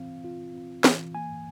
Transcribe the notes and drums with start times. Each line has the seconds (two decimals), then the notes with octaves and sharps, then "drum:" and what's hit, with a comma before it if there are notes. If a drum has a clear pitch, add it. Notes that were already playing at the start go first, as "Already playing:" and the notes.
Already playing: E3 C4 F4 F5
0.24 F4
0.53 C4
0.84 E3, drum: snare
1.15 A#3 G#5